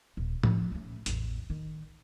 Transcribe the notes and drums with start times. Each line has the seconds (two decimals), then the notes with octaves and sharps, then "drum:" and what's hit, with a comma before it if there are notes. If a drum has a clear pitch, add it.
0.17 D#1
0.43 F3 C#4, drum: tom A2
0.72 A3 C#4
1.06 A1 E2, drum: hi-hat
1.50 D#3